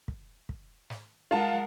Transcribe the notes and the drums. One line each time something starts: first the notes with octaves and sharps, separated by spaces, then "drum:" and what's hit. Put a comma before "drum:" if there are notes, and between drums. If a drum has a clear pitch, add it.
drum: kick
drum: kick
drum: snare
G#3 F4 A#4 F#5 A5